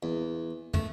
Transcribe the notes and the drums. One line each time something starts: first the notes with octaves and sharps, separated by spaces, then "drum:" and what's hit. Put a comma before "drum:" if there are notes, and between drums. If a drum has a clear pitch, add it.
E2
A3, drum: tom